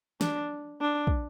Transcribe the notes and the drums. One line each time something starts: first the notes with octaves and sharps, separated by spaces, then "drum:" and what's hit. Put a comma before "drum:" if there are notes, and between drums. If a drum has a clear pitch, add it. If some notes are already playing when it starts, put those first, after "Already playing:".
D4, drum: snare
D4
drum: kick